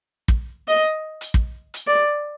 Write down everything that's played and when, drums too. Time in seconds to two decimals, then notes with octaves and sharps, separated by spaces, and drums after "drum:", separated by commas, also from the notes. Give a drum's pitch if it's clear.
0.28 drum: kick
0.68 D#5
1.21 drum: hi-hat
1.34 drum: kick
1.74 drum: hi-hat
1.87 D5